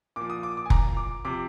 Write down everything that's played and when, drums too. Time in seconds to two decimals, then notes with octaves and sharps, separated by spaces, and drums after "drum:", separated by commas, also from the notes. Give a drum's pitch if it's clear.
0.16 A#2 F3 D6
0.30 D#6
0.43 D6
0.57 D6
0.66 G#5
0.70 A#5, drum: kick F1
0.97 D6
1.25 C3 F3 D6